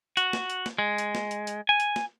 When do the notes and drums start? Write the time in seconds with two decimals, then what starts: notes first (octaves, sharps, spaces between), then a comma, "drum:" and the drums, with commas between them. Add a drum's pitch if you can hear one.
0.17 F#4, drum: hi-hat
0.33 drum: snare
0.50 drum: hi-hat
0.66 drum: snare
0.78 G#3
0.98 drum: hi-hat
1.15 drum: snare
1.31 drum: hi-hat
1.47 drum: hi-hat
1.69 G#5
1.80 drum: hi-hat
1.96 drum: snare